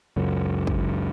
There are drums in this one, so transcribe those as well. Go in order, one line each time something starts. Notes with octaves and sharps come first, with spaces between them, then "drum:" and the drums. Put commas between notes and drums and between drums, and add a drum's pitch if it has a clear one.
F#1 C#2 F#2
drum: kick